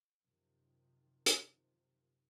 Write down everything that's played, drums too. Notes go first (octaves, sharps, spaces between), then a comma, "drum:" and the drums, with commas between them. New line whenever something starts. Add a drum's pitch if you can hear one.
F#2 C3 D#3 F3
drum: hi-hat